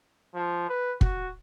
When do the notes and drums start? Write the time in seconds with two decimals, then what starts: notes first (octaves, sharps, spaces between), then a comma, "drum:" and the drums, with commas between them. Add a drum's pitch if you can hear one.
0.35 F3
0.69 B4
1.01 F#4, drum: kick